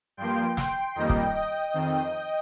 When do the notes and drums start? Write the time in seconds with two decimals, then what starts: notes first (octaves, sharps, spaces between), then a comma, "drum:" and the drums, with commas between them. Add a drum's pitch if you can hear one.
0.17 G2 F3 A#3 G5 C6
0.57 G5 C6, drum: snare
0.95 F2 D#3 G3 A#3 D#5 G5
1.09 drum: kick
1.34 D#5 G5
1.74 F2 D#3 C4